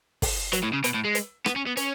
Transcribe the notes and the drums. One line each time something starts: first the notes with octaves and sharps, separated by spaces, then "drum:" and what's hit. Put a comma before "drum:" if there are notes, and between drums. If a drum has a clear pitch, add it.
drum: kick, open hi-hat
F#3, drum: hi-hat
A2
C#3
B2, drum: hi-hat
A2
G#3
drum: hi-hat
B3, drum: rim click
C#4
B3
C#4, drum: hi-hat